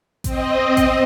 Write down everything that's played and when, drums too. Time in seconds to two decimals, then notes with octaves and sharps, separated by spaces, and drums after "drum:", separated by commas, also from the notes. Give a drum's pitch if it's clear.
0.24 C4 D#5, drum: kick A1, hi-hat
0.77 drum: kick A1, hi-hat